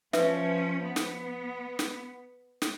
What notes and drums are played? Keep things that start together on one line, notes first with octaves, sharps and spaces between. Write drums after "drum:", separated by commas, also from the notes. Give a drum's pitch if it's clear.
F3 C#4 B4 E5, drum: snare
B3
drum: snare
drum: snare
drum: snare